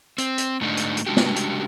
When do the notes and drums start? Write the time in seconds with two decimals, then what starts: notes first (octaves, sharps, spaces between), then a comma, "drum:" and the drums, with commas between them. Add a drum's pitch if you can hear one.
0.18 C4, drum: hi-hat
0.38 drum: hi-hat
0.61 G#2 D3 A3 D4 D#4
0.77 drum: hi-hat
0.97 drum: hi-hat
1.06 C#3 G3 G#3 D4 F#4 G4
1.17 drum: snare
1.36 drum: hi-hat